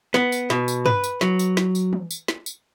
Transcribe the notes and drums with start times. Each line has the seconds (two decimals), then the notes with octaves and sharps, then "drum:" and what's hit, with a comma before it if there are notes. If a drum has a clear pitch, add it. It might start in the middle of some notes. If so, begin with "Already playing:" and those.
0.14 B3, drum: snare
0.32 drum: tambourine
0.50 B2, drum: snare
0.68 drum: tambourine
0.86 B4, drum: tom G2
1.04 drum: tambourine
1.21 F#3, drum: snare
1.39 drum: tambourine
1.57 drum: snare
1.75 drum: tambourine
1.93 drum: tom E3
2.11 drum: tambourine
2.28 drum: snare
2.46 drum: tambourine